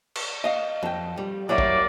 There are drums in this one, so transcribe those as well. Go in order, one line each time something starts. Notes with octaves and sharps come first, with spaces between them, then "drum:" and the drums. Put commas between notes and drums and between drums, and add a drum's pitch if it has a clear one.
drum: cymbal
D#5 F5
F2 G5
G3
F#3 G3 A#3 E4 D5
drum: kick